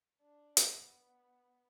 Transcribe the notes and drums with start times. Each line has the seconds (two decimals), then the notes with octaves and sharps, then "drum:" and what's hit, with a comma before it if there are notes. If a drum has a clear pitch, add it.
0.21 D4
0.57 B3, drum: hi-hat